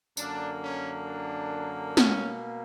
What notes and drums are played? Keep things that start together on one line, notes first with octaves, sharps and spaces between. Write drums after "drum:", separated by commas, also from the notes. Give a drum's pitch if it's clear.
F#2 D3 A#3 D4, drum: tambourine
C#4
D4
B2 A#3 C#4, drum: snare